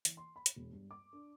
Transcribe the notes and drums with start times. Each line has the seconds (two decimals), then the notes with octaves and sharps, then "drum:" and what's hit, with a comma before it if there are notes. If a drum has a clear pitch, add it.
0.05 E3, drum: hi-hat
0.17 C6
0.36 B5
0.46 drum: hi-hat
0.56 E1
0.73 G2
0.91 D6
1.13 D4